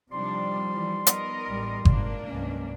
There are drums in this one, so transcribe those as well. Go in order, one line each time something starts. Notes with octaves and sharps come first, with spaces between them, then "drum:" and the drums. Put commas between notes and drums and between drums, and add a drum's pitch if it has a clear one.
C3 F3 G3 D4 D#4 D5 C6
E3
B3 A#4 D#5, drum: hi-hat
A1 G3
G#1 A#3 D4, drum: kick G1
C2 G2 F#3 G#3 C#4